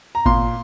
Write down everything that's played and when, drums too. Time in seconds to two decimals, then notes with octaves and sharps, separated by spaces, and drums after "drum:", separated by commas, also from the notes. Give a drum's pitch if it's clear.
0.15 A#5
0.25 A#2 C6, drum: kick G#1